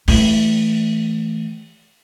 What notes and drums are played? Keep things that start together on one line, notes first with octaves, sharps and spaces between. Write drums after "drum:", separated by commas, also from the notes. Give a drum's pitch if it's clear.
E3 A3, drum: open hi-hat